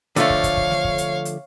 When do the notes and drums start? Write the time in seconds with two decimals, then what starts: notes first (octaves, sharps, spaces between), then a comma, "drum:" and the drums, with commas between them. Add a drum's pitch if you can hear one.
0.16 D3 F3 A3 C#5 F5, drum: hi-hat
0.30 drum: kick
0.44 drum: kick, hi-hat
0.57 drum: kick
0.71 drum: snare
0.84 drum: kick
0.98 drum: hi-hat
1.25 drum: hi-hat